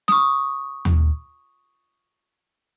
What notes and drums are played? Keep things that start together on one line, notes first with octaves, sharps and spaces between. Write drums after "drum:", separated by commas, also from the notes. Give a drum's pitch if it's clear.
C#6 D#6, drum: snare
drum: tom D#2